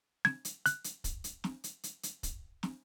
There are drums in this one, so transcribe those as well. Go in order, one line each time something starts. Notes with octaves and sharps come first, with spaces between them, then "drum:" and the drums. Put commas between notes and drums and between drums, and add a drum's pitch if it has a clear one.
G#6, drum: snare
drum: hi-hat
F#6, drum: hi-hat
drum: hi-hat
drum: kick, hi-hat
drum: hi-hat
drum: snare
drum: hi-hat
drum: hi-hat
drum: hi-hat
drum: kick, hi-hat
drum: snare